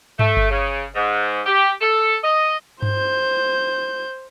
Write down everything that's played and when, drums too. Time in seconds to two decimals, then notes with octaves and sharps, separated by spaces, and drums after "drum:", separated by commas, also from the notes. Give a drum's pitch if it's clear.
0.19 A3, drum: tom G2
0.37 drum: kick G1
0.50 C#3
0.95 G#2
1.46 G4
1.81 A4
2.23 D#5
2.82 C5 G6, drum: tom G2